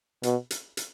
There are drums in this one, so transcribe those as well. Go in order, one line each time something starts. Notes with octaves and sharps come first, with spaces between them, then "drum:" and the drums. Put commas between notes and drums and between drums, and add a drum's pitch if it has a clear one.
B2, drum: hi-hat
drum: hi-hat
drum: hi-hat